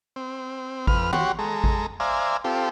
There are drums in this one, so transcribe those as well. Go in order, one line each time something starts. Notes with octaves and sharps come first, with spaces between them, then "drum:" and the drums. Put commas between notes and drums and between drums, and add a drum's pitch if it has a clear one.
C4
F2 B4 F6, drum: kick G#1
F#4 G4 C#5 F#5 C6, drum: tom D#3
G#3 A4 A#5
drum: kick G#1
C5 D5 E5 F5 G#5 A#5
C4 F4 G4 A4